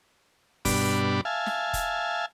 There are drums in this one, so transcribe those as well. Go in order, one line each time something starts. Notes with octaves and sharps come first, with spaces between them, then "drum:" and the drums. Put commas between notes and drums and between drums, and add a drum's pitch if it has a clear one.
G2 B2 G3 D4 B5 D6, drum: kick, open hi-hat
E5 F5 G#5 A5
drum: snare
drum: kick, hi-hat